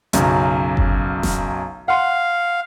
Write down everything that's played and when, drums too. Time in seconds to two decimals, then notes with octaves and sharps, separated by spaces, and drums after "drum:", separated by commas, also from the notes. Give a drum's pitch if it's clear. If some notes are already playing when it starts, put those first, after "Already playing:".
0.13 B1 F#2 C#3, drum: hi-hat
0.77 drum: kick G1
1.23 drum: snare E1
1.88 F5 F#5 C6